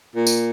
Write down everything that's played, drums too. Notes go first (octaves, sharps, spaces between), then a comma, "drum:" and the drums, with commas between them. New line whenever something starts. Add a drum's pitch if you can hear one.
A#2
drum: tambourine